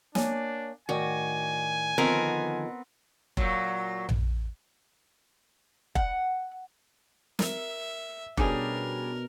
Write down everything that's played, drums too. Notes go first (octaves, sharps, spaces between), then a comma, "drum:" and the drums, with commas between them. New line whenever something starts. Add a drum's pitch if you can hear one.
A#3 D4 C#5 G#5, drum: snare
A2 D#3 F#4 D5 G#5
D3 D#3 F3 B3 C4 A#4
A#2 F#3, drum: kick F1
drum: tom A#1
F#5, drum: kick F1
A#4 E5, drum: snare
B2 G3 C#4 D4 G#4 A#4, drum: kick F1